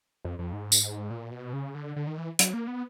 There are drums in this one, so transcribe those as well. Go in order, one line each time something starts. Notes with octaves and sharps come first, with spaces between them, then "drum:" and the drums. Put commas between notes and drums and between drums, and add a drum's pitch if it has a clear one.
F2
F2
G#2
drum: tambourine
A#2
B2
C#3
D3
D3
D#3
E3
F#3, drum: hi-hat
A#3
B3